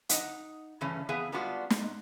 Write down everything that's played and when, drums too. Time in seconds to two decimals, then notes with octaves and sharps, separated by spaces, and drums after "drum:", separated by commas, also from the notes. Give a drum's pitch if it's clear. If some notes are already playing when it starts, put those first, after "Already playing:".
0.09 D#4 F#5, drum: hi-hat
0.81 G2 C#3 E3 A3 C#4
1.09 F2 E3 B3 E4 G#4 F5
1.32 G3 G#3 B3 D4 F4 F#4
1.70 drum: snare
1.80 G#2